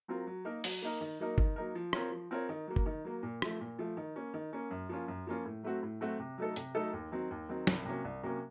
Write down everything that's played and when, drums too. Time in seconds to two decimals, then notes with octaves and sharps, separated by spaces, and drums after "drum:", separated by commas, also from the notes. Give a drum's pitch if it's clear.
0.08 F#3 C4 F4 A#4
0.27 F#3
0.45 A#3 D#4 A#4
0.64 F#3, drum: open hi-hat
0.82 A#3 D#4 A#4
1.01 D#3
1.20 F#3 A#3 D#4 A#4
1.38 D#3, drum: kick G1
1.56 F#3 A#3 D#4 A#4
1.75 F3
1.93 C4 F4 A#4 C#5, drum: rim click
2.11 F3
2.31 C4 F4 A#4 C#5
2.49 D#3
2.67 F#3 A#3
2.76 drum: kick G1
2.86 D#3
3.05 F#3 A#3
3.23 A#2
3.42 F3 A3, drum: rim click
3.61 A#2
3.79 F3 A3
3.97 D#3
4.16 A#3 C#4
4.34 D#3
4.53 A#3 C#4
4.71 F#2
4.89 F3 A#3 C#4 F4
5.08 F#2
5.27 F3 A#3 C#4 F4
5.45 A2
5.63 F#3 A3 C4 F#4
5.82 A2
6.01 F#3 A3 C4 F#4
6.19 C3
6.38 F#3 A3 D#4 A4
6.56 C3, drum: hi-hat
6.75 F#3 A3 D#4 A4
6.93 D#2
7.12 D#3 F#3 C4
7.31 D#2
7.49 D#3 F#3 C4
7.67 C2, drum: snare
7.85 C3 F#3 A#3 C#4
8.04 C2
8.23 C3 F#3 A#3 C#4